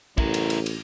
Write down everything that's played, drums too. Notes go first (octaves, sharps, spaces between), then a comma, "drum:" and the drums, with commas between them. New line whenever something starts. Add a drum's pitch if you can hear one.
A1 E4 A#4, drum: kick
drum: cymbal
drum: cymbal
drum: cymbal